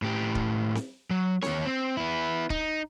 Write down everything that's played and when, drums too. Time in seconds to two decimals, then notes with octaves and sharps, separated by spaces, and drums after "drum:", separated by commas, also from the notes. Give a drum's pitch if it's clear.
0.02 A2 G4
0.35 drum: kick
0.75 drum: snare C4
1.11 F#3
1.42 D#2 C#5, drum: snare C4
1.65 C4
1.97 B3 E4
2.50 D#4, drum: kick